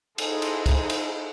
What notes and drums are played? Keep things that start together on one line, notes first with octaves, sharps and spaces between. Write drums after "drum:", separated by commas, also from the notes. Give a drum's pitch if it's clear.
D#4 E4 G#4 A4 C5, drum: cymbal
drum: cymbal
drum: kick, cymbal
drum: cymbal